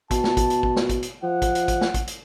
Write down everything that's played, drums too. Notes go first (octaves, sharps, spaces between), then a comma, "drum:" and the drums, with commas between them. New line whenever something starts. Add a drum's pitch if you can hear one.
B2 A5, drum: kick, hi-hat
drum: snare
drum: kick, hi-hat
drum: hi-hat
drum: kick
drum: snare
drum: kick, hi-hat
drum: hi-hat
F3 F#5
drum: kick, hi-hat
drum: hi-hat
drum: kick, hi-hat
drum: snare
drum: kick, hi-hat
drum: hi-hat